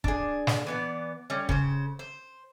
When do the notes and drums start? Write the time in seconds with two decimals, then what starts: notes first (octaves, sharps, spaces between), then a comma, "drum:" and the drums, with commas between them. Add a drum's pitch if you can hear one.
0.04 D4 G#4, drum: kick
0.47 drum: snare
0.67 E3 B3 D5
1.30 G3 C#4
1.49 C#3 C5, drum: kick
1.99 C5